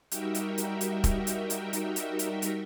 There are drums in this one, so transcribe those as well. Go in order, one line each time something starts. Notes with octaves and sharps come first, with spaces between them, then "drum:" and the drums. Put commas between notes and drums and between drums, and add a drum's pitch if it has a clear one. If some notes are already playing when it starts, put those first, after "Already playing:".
G3 D#4 F#4 A#4 E5 G5, drum: hi-hat
drum: hi-hat
drum: hi-hat
drum: hi-hat
drum: kick, hi-hat
drum: hi-hat
drum: hi-hat
drum: hi-hat
drum: hi-hat
drum: hi-hat
drum: hi-hat